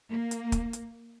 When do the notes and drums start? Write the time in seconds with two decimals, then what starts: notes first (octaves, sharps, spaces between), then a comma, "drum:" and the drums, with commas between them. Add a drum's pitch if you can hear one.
0.10 A#3
0.31 drum: hi-hat
0.52 drum: kick, hi-hat
0.73 drum: hi-hat